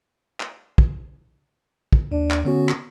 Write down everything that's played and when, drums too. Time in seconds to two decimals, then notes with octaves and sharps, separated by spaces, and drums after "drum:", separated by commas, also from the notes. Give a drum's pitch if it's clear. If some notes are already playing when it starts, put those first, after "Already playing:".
0.40 drum: clap
0.78 drum: kick
1.93 drum: kick
2.12 D#2 D4
2.31 drum: clap
2.45 D3 B3 C#4 F#4
2.69 drum: clap